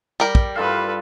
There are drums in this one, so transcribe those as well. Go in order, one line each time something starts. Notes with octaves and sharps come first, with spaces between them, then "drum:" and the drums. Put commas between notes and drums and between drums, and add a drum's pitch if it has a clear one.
G3 A#4 D6
drum: kick
G2 F4 A4 B4 F5